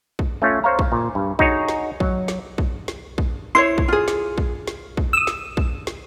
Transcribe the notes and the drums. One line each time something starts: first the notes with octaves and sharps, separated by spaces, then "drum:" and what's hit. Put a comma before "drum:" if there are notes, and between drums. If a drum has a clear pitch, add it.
drum: kick A#1
A3 C#4 F4 C#5
C5 C#5 F5 A#5
drum: kick A#1
A#2
G2
D#4 F#4 G#4 C#5, drum: kick A#1
drum: snare
F#3, drum: kick A#1
drum: snare
drum: kick A#1
drum: snare
drum: kick A#1
E4 C5 C#5 C6
drum: kick A#1
F4 G#4
drum: snare
drum: kick A#1
drum: snare
drum: kick A#1
D#6 E6
drum: snare
drum: kick A#1
drum: snare